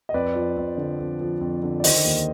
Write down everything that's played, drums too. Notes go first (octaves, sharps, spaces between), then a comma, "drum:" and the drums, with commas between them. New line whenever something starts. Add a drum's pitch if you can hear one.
D#5
F2 B4 D5
F3
F2
D3
F2
F3
F2
D3
D5
D#3 C5 D#5, drum: open hi-hat
D#2